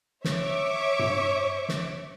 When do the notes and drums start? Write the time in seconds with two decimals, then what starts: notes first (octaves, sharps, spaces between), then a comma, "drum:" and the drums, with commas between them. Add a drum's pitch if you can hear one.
0.24 C#5 E5 C#6 D6, drum: snare
0.99 drum: tom G2
1.69 drum: snare